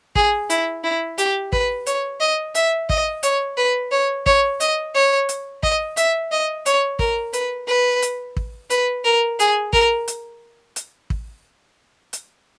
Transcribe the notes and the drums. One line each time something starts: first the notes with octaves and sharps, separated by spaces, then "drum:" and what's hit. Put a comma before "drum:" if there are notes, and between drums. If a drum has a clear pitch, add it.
G#4, drum: kick
E4, drum: hi-hat
E4
G4, drum: hi-hat
B4, drum: kick
C#5, drum: hi-hat
D#5
E5, drum: hi-hat
D#5, drum: kick
C#5, drum: hi-hat
B4
C#5
C#5, drum: kick
D#5, drum: hi-hat
C#5
drum: hi-hat
D#5, drum: kick
E5, drum: hi-hat
D#5
C#5, drum: hi-hat
A#4, drum: kick
B4, drum: hi-hat
B4
drum: hi-hat
drum: kick
B4, drum: hi-hat
A#4
G#4, drum: hi-hat
A#4, drum: kick
drum: hi-hat
drum: hi-hat
drum: kick
drum: hi-hat